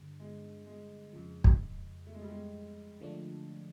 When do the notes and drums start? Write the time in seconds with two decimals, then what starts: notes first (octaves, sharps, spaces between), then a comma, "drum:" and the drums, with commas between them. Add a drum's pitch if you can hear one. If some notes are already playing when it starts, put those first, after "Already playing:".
Already playing: G2 D3 G3
0.20 G#3
0.66 G#3
1.13 F2 C#3 F3
1.44 drum: kick
2.06 A3
2.15 G#3
2.22 G3
2.29 G#3
3.00 D3 F3 A3 D4